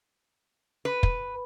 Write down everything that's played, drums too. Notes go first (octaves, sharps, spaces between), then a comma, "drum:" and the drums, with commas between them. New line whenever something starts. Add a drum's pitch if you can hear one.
B4
drum: kick